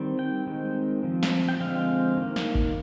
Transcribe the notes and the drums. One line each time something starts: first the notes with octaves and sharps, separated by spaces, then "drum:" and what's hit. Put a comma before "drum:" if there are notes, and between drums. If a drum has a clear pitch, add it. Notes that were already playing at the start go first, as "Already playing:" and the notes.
Already playing: D#3 G3 C4
G5
D#3 G#3 C4
F3 C4
drum: snare
G5
D3 F3 G#3 C4 F5
D#3 A#3
drum: snare
drum: kick G1